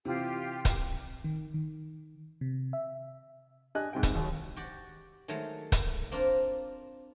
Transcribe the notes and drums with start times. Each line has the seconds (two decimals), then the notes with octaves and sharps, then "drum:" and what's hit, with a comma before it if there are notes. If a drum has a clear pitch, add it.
0.05 C3 E3 F4 G4
0.65 drum: kick, hi-hat
1.24 D#3
1.54 D#3
2.41 C3
2.73 E5
3.75 D4 G4 D#5 G#5 F#6
3.93 G#2 C3 G5
4.03 drum: kick, hi-hat
4.15 D#2 F#3
4.56 F#4 G4 D5
5.28 D#3 F#3 G#3 A3
5.72 drum: kick, hi-hat
6.11 A#3 C4 D4 F4 A#4